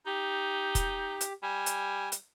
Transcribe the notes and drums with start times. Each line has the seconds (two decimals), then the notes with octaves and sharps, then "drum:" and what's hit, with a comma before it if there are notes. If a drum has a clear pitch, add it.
0.07 D#4 G4
0.75 drum: kick, hi-hat
1.21 drum: hi-hat
1.43 G3 G#5
1.66 drum: hi-hat
2.12 drum: hi-hat